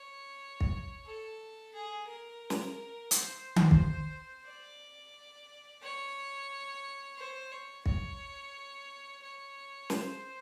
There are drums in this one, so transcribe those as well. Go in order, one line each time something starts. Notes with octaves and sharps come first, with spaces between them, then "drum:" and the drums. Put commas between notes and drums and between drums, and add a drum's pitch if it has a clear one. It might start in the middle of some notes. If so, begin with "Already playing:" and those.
Already playing: C#5
drum: kick
A4
G#4
A#4
drum: snare
C5, drum: hi-hat
drum: tom D#3
drum: kick
D5
C#5
C5
C#5
C#5, drum: kick
C#5
C5, drum: snare